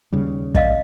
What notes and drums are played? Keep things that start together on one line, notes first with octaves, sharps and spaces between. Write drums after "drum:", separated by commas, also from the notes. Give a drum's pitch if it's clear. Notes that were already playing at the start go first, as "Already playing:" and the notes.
D#2 C#3 G3
D5 D#5 F5, drum: kick